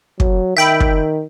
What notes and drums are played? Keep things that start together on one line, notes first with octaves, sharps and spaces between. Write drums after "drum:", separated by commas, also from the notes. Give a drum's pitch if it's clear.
F#3, drum: kick
D#3 E5 G5 B5
drum: kick